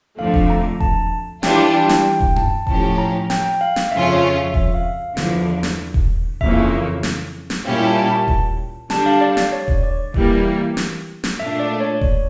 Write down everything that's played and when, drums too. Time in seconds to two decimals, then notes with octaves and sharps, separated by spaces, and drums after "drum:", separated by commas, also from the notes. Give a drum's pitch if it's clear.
0.18 F2 D3 F3 A3 F5
0.34 drum: kick D#1
0.50 A#5
0.80 A5, drum: kick D#1
1.43 E3 G3 D4 F4 G5, drum: snare
1.74 G5
1.89 drum: snare
2.05 G5
2.21 drum: kick D#1
2.36 A5, drum: tom F#2
2.67 A2 F3 C#4 G4 A5, drum: kick D#1
2.98 A#5
3.30 G5, drum: snare
3.61 F5
3.76 drum: snare
3.91 F2 C#3 F3 C#4 F4 E5
4.12 C#5
4.33 E5
4.54 E5, drum: kick D#1
4.74 F5
5.17 E2 D3 F3 F5, drum: snare
5.63 drum: snare
5.94 drum: kick D#1
6.41 F2 C#3 E3 A#3 E5, drum: kick D#1
7.03 drum: snare
7.50 drum: snare
7.65 A#2 G3 C#4 E4 G4 F5
7.86 A5
8.06 A5
8.28 drum: kick D#1
8.90 D3 G3 D4 A5, drum: snare
9.06 F5
9.21 D5
9.37 D5, drum: snare
9.52 C#5
9.68 drum: kick D#1
9.83 D5
10.14 E3 G3 A#3, drum: kick D#1
10.77 drum: snare
11.24 drum: snare
11.39 A#2 A3 D4 E5
11.60 D5
11.80 C#5
12.01 drum: kick D#1